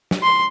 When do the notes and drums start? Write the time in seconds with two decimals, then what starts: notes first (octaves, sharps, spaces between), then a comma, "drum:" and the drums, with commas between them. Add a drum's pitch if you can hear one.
0.11 drum: snare
0.23 C6